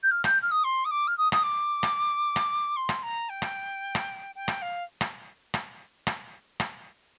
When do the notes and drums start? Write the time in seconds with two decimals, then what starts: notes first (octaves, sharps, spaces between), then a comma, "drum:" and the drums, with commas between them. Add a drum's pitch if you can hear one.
0.03 G6
0.11 F6
0.24 G6, drum: rim click
0.42 F6
0.51 D#6
0.64 C6
0.84 D#6
0.90 D6
1.07 F6
1.17 D#6
1.32 D#6, drum: rim click
1.43 D6
1.83 drum: rim click
2.36 drum: rim click
2.76 C6
2.89 drum: rim click
3.02 A#5
3.29 G5
3.42 drum: rim click
3.95 drum: rim click
4.35 G5
4.48 drum: rim click
4.61 F5
5.01 drum: rim click
5.54 drum: rim click
6.07 drum: rim click
6.60 drum: rim click